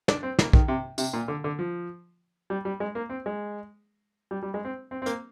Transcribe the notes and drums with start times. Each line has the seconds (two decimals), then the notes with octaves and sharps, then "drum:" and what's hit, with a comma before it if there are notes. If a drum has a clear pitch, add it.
0.08 D4, drum: snare
0.23 C4
0.39 A#3, drum: snare
0.53 D#3, drum: kick
0.68 C3
0.98 C3, drum: tambourine
1.13 A#2
1.28 D3
1.44 D3
1.59 F3
2.50 G3
2.65 G3
2.80 G#3
2.95 A#3
3.10 C4
3.26 G#3
4.31 G3
4.43 G3
4.54 G#3
4.65 C4
4.91 C4
5.02 C4
5.06 A#3, drum: hi-hat